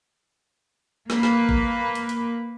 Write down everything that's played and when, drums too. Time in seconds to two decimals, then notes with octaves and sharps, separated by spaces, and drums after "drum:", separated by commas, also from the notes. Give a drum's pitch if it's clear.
1.10 A#3 B4, drum: snare
1.23 drum: snare
1.49 drum: kick A1
1.95 drum: hi-hat
2.09 drum: hi-hat